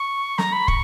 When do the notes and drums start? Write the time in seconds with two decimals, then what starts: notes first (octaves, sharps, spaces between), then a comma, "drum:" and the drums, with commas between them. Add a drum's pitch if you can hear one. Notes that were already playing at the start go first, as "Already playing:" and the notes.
Already playing: C#6
0.38 A#5, drum: snare
0.52 B5
0.68 C#6, drum: kick